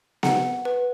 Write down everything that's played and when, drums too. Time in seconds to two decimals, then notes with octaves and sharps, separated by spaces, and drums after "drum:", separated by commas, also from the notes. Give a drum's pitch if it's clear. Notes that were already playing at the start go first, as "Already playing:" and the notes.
0.23 F#5, drum: snare B3
0.65 B4